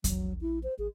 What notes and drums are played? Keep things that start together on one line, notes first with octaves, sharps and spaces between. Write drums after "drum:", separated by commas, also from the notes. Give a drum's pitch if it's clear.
A#1 F#3, drum: kick E2, hi-hat
E4
C5
A1 G#4